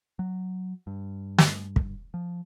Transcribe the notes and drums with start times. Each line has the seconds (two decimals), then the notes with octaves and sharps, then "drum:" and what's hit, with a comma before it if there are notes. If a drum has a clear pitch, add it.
0.19 F#3
0.87 G2
1.38 drum: snare
1.76 drum: kick
2.14 F3